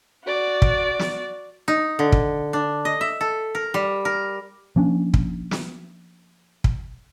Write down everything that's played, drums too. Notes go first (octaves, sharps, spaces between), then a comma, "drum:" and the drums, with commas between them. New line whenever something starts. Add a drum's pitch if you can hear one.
F#4 D5
drum: kick
drum: snare
D#4
D3
drum: kick
D4
D#5
E5
A4
A#4
G3
A#4
F3 A#3 C#4 D4
drum: kick
drum: snare
drum: kick